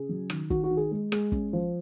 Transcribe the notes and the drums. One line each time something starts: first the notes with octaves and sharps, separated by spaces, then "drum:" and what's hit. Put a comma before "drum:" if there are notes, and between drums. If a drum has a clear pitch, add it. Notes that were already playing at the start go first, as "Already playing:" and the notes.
Already playing: C#3 G#4
F#3
D#3, drum: rim click
D#3 F#4, drum: kick
F#4
D#3
G#4
G#3
G#3, drum: rim click
C#4, drum: kick
F3